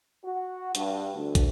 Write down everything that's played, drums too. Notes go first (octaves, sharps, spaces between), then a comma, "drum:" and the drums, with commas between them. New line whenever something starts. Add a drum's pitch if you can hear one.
F#4
G2, drum: hi-hat
D2
drum: kick, hi-hat